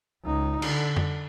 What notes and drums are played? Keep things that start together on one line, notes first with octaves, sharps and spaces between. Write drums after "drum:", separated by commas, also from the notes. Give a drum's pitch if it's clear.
C#2 D#4
D3, drum: cymbal
drum: tom F2